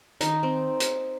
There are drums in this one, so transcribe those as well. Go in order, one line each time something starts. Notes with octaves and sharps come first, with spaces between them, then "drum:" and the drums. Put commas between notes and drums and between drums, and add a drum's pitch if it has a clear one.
D#3 D#4, drum: hi-hat
C4
drum: hi-hat